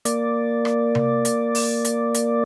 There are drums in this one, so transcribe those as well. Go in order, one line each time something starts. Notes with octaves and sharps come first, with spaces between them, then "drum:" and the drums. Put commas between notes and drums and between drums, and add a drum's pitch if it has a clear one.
A#3 D5, drum: hi-hat
drum: rim click
drum: tom C3
drum: hi-hat
drum: open hi-hat
drum: hi-hat
drum: hi-hat